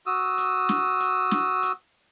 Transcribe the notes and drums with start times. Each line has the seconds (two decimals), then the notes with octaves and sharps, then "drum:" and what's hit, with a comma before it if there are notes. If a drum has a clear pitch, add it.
0.06 F#4 D#6 E6
0.38 drum: hi-hat
0.69 drum: snare
1.00 drum: hi-hat
1.31 drum: snare
1.63 drum: hi-hat